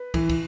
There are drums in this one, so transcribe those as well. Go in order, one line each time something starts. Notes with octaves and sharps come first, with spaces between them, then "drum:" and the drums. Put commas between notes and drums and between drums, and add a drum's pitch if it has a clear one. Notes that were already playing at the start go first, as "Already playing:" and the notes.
Already playing: B4
E3, drum: kick, cymbal
drum: kick, cymbal